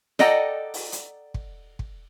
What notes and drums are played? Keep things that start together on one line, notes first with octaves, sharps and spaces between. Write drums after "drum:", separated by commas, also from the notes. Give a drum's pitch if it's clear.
A4 D5 D#5 F#5 G5 A#5, drum: snare
drum: open hi-hat
drum: hi-hat
drum: kick
drum: kick